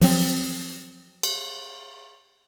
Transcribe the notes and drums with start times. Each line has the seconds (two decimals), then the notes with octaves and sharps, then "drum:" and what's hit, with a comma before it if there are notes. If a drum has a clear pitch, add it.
0.01 F3 F#3 C4, drum: open hi-hat
1.23 drum: cymbal